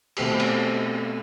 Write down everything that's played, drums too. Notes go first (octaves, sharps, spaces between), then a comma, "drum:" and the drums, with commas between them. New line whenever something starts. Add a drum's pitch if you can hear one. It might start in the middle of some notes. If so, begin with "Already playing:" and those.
B2 A3 C4 G4, drum: cymbal
drum: cymbal